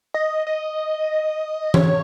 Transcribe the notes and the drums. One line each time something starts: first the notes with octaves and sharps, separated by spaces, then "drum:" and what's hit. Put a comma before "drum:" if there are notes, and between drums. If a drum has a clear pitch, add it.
D#5
D#5
C#5, drum: tom E3